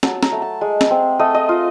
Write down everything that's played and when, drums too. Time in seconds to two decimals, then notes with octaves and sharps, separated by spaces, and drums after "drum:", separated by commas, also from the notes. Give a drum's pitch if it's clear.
0.03 F#3 A5, drum: snare
0.23 A#5, drum: snare
0.32 A3
0.42 A5
0.61 G#3
0.81 drum: snare
0.90 C4
1.19 A3 D#5
1.35 D#5
1.49 F4